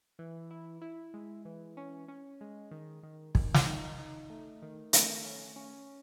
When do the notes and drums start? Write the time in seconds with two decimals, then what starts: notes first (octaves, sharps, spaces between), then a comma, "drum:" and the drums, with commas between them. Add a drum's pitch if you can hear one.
0.19 E3
0.51 E4
0.81 E4
1.14 G#3
1.45 E3
1.77 C#4
2.08 C#4
2.41 G#3
2.71 D#3
3.03 D#3
3.35 D#3, drum: kick
3.54 drum: snare
3.66 D#4
3.98 D#4
4.30 A3
4.62 D#3
4.93 A3, drum: hi-hat
5.25 C#4
5.56 C#4